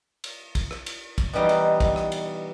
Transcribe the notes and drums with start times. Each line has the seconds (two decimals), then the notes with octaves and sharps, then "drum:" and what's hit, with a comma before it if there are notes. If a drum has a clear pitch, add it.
0.24 drum: cymbal
0.55 drum: kick, cymbal
0.71 drum: rim click
0.86 drum: cymbal
1.18 drum: kick, cymbal
1.33 B2 E3 G3 D#4
1.49 drum: cymbal
1.80 drum: kick, cymbal
1.96 drum: rim click
2.12 drum: cymbal